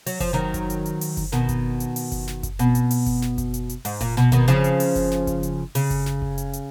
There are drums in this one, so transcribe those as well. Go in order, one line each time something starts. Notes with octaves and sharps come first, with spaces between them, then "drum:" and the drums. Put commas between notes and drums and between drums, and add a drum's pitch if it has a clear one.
F#3, drum: open hi-hat
F3, drum: kick F#1, hi-hat
D#3 F#3
drum: kick F#1, hi-hat
drum: hi-hat
drum: hi-hat
drum: open hi-hat
drum: kick F#1, hi-hat
B2 D#3, drum: snare
drum: kick F#1, hi-hat
drum: hi-hat
drum: open hi-hat
drum: kick F#1, hi-hat
drum: snare
drum: kick F#1, hi-hat
B2, drum: hi-hat
drum: hi-hat
drum: open hi-hat
drum: kick F#1, hi-hat
drum: snare
drum: kick F#1, hi-hat
drum: hi-hat
drum: hi-hat
G#2, drum: open hi-hat
A#2, drum: kick F#1, hi-hat
B2, drum: snare
B2 D#3, drum: kick F#1, hi-hat
C#3 F3, drum: hi-hat
drum: hi-hat
drum: open hi-hat
drum: kick F#1, hi-hat
drum: snare
drum: kick F#1, hi-hat
drum: hi-hat
C#3, drum: open hi-hat
drum: kick F#1, hi-hat
drum: snare
drum: kick F#1
drum: hi-hat
drum: hi-hat